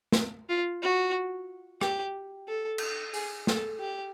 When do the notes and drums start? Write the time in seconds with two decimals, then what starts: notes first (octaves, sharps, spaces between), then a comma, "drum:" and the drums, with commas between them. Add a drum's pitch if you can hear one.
0.12 drum: snare
0.49 F4
0.82 F#4
1.81 G4, drum: rim click
2.48 A4
2.78 drum: cymbal
3.14 G#4, drum: open hi-hat
3.47 A4, drum: snare
3.80 G4